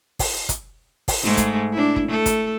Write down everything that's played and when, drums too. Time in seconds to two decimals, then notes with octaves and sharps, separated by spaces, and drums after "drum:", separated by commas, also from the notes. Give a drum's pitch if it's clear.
0.19 drum: kick, open hi-hat
0.49 drum: kick, hi-hat
1.08 drum: kick, open hi-hat
1.22 G#2 G#3 A3
1.37 drum: kick, hi-hat
1.73 D4 E4
1.96 drum: kick
2.08 A3 A4
2.26 drum: kick, hi-hat